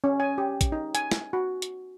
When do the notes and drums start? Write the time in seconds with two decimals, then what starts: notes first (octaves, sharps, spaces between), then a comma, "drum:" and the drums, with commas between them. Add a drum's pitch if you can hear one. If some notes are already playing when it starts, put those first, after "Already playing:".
0.04 C#4
0.20 G#5
0.38 G4
0.61 drum: kick, hi-hat
0.72 D#4
0.95 G#5, drum: hi-hat
1.12 drum: snare
1.33 F#4
1.62 drum: hi-hat